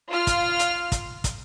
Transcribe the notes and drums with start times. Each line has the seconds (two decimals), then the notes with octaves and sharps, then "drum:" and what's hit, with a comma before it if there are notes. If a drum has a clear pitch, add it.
0.11 F4 F6
0.27 drum: kick, hi-hat
0.59 drum: hi-hat
0.92 drum: kick, hi-hat
1.24 drum: kick, hi-hat